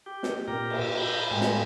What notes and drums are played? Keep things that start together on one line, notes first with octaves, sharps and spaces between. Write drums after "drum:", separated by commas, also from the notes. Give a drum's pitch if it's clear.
G4
drum: snare
A#2 G4 A#4
drum: cymbal
B5 G6
A2 G3 G#3
drum: snare